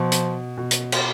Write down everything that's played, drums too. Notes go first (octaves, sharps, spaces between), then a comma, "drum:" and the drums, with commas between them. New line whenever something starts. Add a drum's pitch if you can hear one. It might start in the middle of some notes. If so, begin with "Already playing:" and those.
Already playing: B2 F3
drum: hi-hat
B2
drum: hi-hat
drum: cymbal